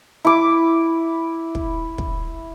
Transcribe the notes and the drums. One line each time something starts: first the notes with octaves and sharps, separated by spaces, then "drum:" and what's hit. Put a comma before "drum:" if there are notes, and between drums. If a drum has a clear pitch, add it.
E4 D6
drum: kick
drum: kick